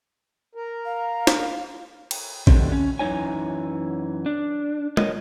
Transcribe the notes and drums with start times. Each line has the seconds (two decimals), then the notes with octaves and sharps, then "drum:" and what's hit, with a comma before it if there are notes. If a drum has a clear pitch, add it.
0.55 A#4
0.85 F5
1.27 drum: snare
2.11 drum: cymbal
2.47 D3 D#3 F#3 G3 A3 C4, drum: kick A1
2.72 C#4
2.99 F#2 E3 G3 D#4 C#5 G#5
4.26 D4
4.97 F4 A#4 C#5 D#5, drum: tom G#3